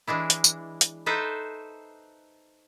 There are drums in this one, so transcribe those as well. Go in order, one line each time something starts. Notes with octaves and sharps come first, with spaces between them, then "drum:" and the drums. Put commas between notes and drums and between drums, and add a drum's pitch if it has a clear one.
E3 G#3 D4 E4
drum: hi-hat
drum: tambourine
drum: hi-hat
D#4 A4 B4 C5 E5